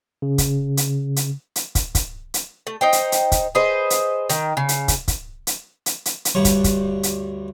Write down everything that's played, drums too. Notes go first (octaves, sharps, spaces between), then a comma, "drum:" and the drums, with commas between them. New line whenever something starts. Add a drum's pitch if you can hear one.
C#3
drum: kick, hi-hat
drum: hi-hat
drum: hi-hat
drum: hi-hat
drum: kick, hi-hat
drum: kick, hi-hat
drum: hi-hat
A3
D#4 C5 G5
drum: hi-hat
drum: hi-hat
drum: kick, hi-hat
G#4 B4 C5 D#5
drum: hi-hat
D#3, drum: hi-hat
C#3
drum: hi-hat
drum: kick, hi-hat
drum: kick, hi-hat
drum: hi-hat
drum: hi-hat
drum: hi-hat
drum: hi-hat
D2 G2 G3 C#5
drum: kick, hi-hat
drum: kick, hi-hat
drum: hi-hat